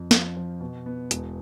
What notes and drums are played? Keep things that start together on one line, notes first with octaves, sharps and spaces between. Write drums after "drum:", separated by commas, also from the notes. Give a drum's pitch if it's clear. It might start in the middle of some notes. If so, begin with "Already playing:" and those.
Already playing: F2
F3, drum: snare
F3
B2
B3
E1, drum: hi-hat